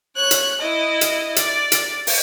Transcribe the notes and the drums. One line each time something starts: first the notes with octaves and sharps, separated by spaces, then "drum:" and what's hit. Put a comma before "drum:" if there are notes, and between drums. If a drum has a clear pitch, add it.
C#5 F#6
drum: hi-hat
E4 D#5
drum: hi-hat
D5, drum: hi-hat
drum: hi-hat
drum: open hi-hat